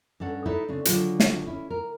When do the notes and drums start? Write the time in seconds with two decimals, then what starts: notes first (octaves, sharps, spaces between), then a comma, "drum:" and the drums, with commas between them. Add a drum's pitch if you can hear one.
0.20 G2 C#4 A4 F#5
0.46 D#4 E4 A4 B4 C#5
0.68 C#3 C4 D4
0.85 D3 D#3 F#3 G#3 F4, drum: hi-hat
1.20 drum: snare
1.47 C#4 E4
1.70 A#4